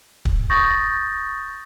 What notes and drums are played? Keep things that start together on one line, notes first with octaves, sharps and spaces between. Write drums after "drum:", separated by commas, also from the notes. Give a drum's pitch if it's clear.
drum: kick
C#6 D#6 G6 A6 A#6